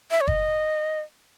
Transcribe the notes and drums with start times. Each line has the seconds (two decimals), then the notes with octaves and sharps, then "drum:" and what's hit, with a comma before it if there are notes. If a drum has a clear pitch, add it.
0.11 E5
0.21 C#5
0.28 D#5, drum: kick F#1